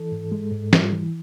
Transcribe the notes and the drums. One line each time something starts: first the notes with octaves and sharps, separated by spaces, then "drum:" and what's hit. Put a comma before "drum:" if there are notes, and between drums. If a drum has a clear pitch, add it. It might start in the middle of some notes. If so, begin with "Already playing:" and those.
Already playing: E3 A4
G#2
G#3
G#2
G3, drum: snare
E3